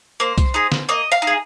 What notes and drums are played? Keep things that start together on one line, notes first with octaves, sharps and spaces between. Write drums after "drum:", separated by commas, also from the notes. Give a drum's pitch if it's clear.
A#3 C5
drum: kick C2, hi-hat
D#4 G#4
drum: snare
A#3 D#5
F5
D#4
G#4